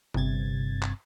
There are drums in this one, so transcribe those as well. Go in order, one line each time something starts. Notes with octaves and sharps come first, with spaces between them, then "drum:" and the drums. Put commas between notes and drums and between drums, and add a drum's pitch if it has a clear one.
G1 G2 C3 G#6 A6, drum: tom C3
drum: clap